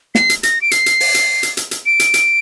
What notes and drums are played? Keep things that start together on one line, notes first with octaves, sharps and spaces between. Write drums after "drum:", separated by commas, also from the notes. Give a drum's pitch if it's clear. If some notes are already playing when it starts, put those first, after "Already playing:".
C7, drum: snare
drum: hi-hat
A#6, drum: hi-hat
D7
C7, drum: hi-hat
drum: hi-hat
drum: open hi-hat
drum: hi-hat
drum: hi-hat
drum: hi-hat
drum: hi-hat
D7
drum: hi-hat
drum: hi-hat